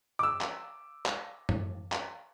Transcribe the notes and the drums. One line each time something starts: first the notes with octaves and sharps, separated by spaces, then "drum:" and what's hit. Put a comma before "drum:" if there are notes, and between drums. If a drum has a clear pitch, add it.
D6 E6
drum: clap
drum: clap
drum: tom F#2
drum: clap